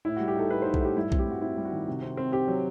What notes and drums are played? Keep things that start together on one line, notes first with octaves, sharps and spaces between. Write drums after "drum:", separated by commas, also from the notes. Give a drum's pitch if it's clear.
A2 E4
G3 F#4
G4
D#4 A4
D#4 B4
D#4 C5
A4, drum: kick B1
A2 G4
G2 E4
C4, drum: kick B1
G4
G2 F#4
C4 E4
G3
F#4
D#3
C3
C4
C4
C4 G4
F#3